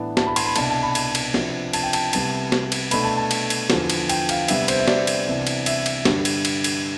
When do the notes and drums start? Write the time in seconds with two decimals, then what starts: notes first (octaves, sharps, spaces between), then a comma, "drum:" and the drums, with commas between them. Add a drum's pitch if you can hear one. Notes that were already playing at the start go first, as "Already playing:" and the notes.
Already playing: A2 E3 B3 D4 A5
0.17 A5, drum: snare
0.27 B5
0.36 C6, drum: cymbal
0.46 B5
0.56 C2 B2 B3 D4 A5, drum: cymbal
0.69 A5
0.83 B5
0.95 drum: cymbal
1.15 drum: cymbal
1.34 C3 F3 B3 D4, drum: snare
1.73 A5, drum: cymbal
1.83 G5
1.93 A5, drum: cymbal
2.13 C2 C3 G3 B3 A5, drum: cymbal
2.52 drum: snare
2.72 drum: cymbal
2.91 B2 A3 D4 B5, drum: cymbal
3.05 A5
3.17 A5
3.31 drum: cymbal
3.50 drum: cymbal
3.70 E2 D3 F3, drum: snare
3.90 drum: cymbal
4.09 G5, drum: cymbal
4.29 F5, drum: cymbal
4.48 C3 G3 B3 D4 E5, drum: cymbal
4.68 C5, drum: cymbal
4.79 E5
4.88 D5, drum: snare
5.07 drum: cymbal
5.27 C2 C3 E3 B3 D4
5.47 drum: cymbal
5.66 E5, drum: cymbal
5.86 drum: cymbal
6.05 G2 D3 G3 D4, drum: snare
6.25 drum: cymbal
6.45 drum: cymbal
6.64 drum: cymbal